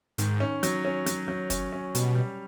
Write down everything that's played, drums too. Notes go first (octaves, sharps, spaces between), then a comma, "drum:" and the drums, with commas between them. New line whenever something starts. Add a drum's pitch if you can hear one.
G#2 D#3, drum: hi-hat
C#4
F#3, drum: hi-hat
C#4
F#3, drum: hi-hat
F#3
C#4, drum: kick, hi-hat
C#4
B2 G3, drum: hi-hat
G3